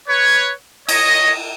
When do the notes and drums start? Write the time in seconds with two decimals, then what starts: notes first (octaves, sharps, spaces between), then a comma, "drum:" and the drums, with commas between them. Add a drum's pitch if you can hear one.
0.08 B4 C#5
0.89 C#5 D#5, drum: cymbal